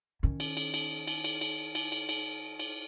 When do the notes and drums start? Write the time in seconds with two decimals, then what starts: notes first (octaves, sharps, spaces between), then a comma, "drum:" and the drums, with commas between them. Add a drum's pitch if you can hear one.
0.23 D#3 C#4
0.40 drum: cymbal
0.57 drum: cymbal
0.74 drum: cymbal
1.07 drum: cymbal
1.24 drum: cymbal
1.41 drum: cymbal
1.75 drum: cymbal
1.92 drum: cymbal
2.09 drum: cymbal
2.59 drum: cymbal